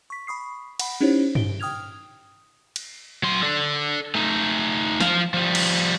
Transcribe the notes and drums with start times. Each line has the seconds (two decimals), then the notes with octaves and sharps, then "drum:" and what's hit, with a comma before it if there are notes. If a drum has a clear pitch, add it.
0.10 C#6 B6
0.27 B5 C#6 D#6 C7
0.80 F#5 B5, drum: cymbal
1.01 C#4 D#4 E4 G4 C5 C#5
1.35 D7 G7, drum: tom G2
1.60 G5 D#6 F6 G#6 F7
2.76 drum: cymbal
3.23 F#3 C6
3.43 A4 D5
4.15 A3 D#4
5.00 F3 F5, drum: snare
5.34 F3 G3
5.55 drum: cymbal